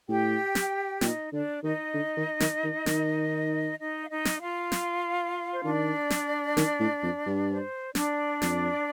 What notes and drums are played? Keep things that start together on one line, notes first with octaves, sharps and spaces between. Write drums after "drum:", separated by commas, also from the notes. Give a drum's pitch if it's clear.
A2 G4 G5
drum: snare
A#2 D#4 D#5, drum: snare
D3 D4 D5
D#3 D#4 D#5
D3
D#3
D#3, drum: snare
D#3
D#3, drum: snare
D#4 D#5
F5
D#4 D#5
drum: snare
F4 F5
drum: snare
C5
D#3 D4 D5
drum: snare
D#3, drum: snare
A2
F2
G2
C5
D4 D5, drum: snare
F2, drum: snare